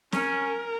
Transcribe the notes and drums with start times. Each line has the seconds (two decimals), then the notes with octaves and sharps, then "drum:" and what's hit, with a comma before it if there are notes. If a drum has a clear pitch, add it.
0.12 C#4 A#4, drum: snare C4